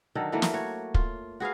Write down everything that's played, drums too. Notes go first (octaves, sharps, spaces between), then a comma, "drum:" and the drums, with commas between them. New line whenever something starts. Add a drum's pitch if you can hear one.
D3 D#3 F#3 A4
E3 F#3 A3 A#3
drum: snare
F#4 C#5
F4, drum: kick
F#4 G#4 B4 F5